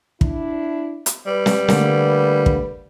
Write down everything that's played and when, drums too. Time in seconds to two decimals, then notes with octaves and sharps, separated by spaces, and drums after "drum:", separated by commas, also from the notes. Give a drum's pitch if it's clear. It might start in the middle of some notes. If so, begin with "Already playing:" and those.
0.21 D4 E4, drum: kick
1.06 drum: hi-hat
1.27 G3 B4
1.46 drum: snare
1.68 D3 A3 A#3, drum: snare
2.46 drum: kick